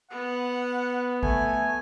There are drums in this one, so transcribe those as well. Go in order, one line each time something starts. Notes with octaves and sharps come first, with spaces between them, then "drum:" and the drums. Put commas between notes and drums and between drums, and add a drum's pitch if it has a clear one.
B3 F#5
A3 G#5, drum: kick G#1